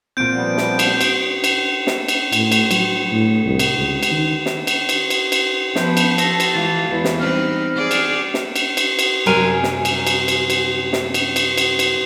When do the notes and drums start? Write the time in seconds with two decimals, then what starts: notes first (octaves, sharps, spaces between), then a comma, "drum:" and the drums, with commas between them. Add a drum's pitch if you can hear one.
0.17 A#2 C4 G6 D7
0.32 F3 G3 B3
0.57 drum: snare
0.79 drum: cymbal
1.01 drum: cymbal
1.44 drum: cymbal
1.87 drum: snare
2.08 drum: cymbal
2.32 A2, drum: cymbal
2.52 drum: cymbal
2.71 F#3, drum: cymbal
3.12 A2
3.45 C2
3.59 drum: cymbal
3.76 C#2
4.03 drum: cymbal
4.12 D#3
4.46 drum: snare
4.67 drum: cymbal
4.89 drum: cymbal
5.10 drum: cymbal
5.32 drum: cymbal
5.76 F3 B3 G6, drum: snare
5.97 drum: cymbal
6.18 A4 A#6, drum: cymbal
6.40 drum: cymbal
6.53 E3 G#3 F4 A6
6.90 E2 E3
7.05 drum: snare
7.20 G3 C4 D#4 B4 F6
7.75 G#4 D5
7.91 drum: cymbal
8.34 drum: snare
8.56 drum: cymbal
8.77 drum: cymbal
8.99 drum: cymbal
9.26 F#2 C3 F#3 G3 A#4 G#5
9.63 drum: snare
9.85 drum: cymbal
10.07 drum: cymbal
10.28 drum: cymbal
10.50 drum: cymbal
10.93 drum: snare
11.14 drum: cymbal
11.36 drum: cymbal
11.58 drum: cymbal
11.79 drum: cymbal